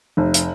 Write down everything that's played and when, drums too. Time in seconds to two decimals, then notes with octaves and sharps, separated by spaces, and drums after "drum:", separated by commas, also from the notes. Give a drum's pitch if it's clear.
0.17 F1
0.34 drum: hi-hat